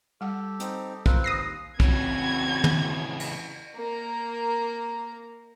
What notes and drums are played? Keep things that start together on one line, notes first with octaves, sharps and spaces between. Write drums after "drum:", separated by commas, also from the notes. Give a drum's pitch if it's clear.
G3 G4 A4 F#5
C4 D#4, drum: hi-hat
C4 F4 A#4 B4, drum: kick
D#2 D#6 A#6 C7
C#3 E3 C4 E4 F#4 G#6, drum: kick
drum: tom
drum: cymbal
A#3 A#4